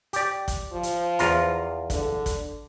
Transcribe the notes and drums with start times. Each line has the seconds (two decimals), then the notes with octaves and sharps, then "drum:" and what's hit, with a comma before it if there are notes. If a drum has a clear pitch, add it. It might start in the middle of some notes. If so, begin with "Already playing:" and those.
0.13 G4 D5, drum: hi-hat
0.48 drum: kick, hi-hat
0.73 F3
0.83 drum: hi-hat
1.19 E2 F4 A#5, drum: hi-hat
1.90 D3, drum: kick, hi-hat
2.26 drum: kick, hi-hat